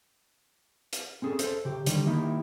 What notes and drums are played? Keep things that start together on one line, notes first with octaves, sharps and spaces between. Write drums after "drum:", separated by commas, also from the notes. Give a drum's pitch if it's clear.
drum: hi-hat
C4 C#4 G#4 A4
A4 C5, drum: hi-hat
C#3 G4
D3 D#3 G3, drum: hi-hat
D#3 A#3 D#4 E4 G4